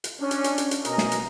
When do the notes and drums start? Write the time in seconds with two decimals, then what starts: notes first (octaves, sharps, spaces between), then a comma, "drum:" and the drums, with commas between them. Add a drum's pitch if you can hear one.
0.04 drum: hi-hat
0.21 C#4 D4
0.31 drum: hi-hat
0.44 drum: hi-hat
0.58 drum: hi-hat
0.71 drum: hi-hat
0.85 B2 A#4 D#5 G#5 A#5, drum: hi-hat
0.98 drum: snare
1.12 drum: hi-hat